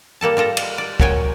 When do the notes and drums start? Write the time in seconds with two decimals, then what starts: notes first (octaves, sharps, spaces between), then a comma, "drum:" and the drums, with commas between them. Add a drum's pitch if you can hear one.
0.21 G3 A#3 A4 A5
0.37 G3 F4 A4 A#5
0.57 drum: cymbal
0.78 D5
1.00 A#2 F#3 C#5 G5 G#5, drum: kick